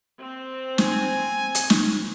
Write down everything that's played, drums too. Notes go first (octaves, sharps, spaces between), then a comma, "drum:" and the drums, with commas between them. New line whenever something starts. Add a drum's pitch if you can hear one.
C4
G#5, drum: snare
drum: hi-hat
drum: snare